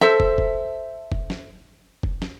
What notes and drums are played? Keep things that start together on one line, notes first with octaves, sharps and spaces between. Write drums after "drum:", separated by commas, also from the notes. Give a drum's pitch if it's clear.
A4 C5 E5, drum: snare
drum: kick
drum: kick
drum: kick
drum: snare
drum: kick
drum: snare